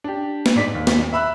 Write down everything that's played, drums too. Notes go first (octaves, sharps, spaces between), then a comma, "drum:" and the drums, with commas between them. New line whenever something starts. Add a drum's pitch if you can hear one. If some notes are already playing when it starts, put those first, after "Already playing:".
D4 G4
drum: snare
G#2 D5 B6
D#2
drum: snare
E5 B5 E6 F#6